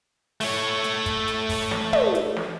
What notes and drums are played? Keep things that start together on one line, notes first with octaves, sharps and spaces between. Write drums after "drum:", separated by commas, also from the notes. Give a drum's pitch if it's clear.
A3 C#5, drum: open hi-hat
drum: hi-hat
drum: kick, hi-hat
drum: hi-hat
drum: kick, open hi-hat
drum: snare
drum: tom
drum: hi-hat
drum: snare